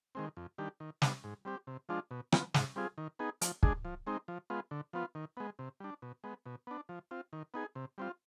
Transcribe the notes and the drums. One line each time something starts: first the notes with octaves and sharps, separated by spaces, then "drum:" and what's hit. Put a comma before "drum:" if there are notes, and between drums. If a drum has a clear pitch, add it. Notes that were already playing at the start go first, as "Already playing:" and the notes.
D#3 G#3 C4
F2
D#3 G3 D4 G4
D#3
G3 B3 D4, drum: snare
G#2
G3 C4 G4
C3
F3 G#3 D4 F4
B2
B3 F4, drum: rim click
G#2, drum: snare
G3 C4 F4 G#4
D#3
B3 D#4 G#4
F3, drum: hi-hat
G#3 D4 G#4, drum: kick
F3
G#3 C4 D#4
F3
G#3 B3 F4
D3
F3 B3 F4
D#3
G#3 B3
C3
G3 D4
B2
G#3 B3
B2
B3 D4
F3
C4 F4
D#3
B3 D#4 G#4
C3
G3 C4 F4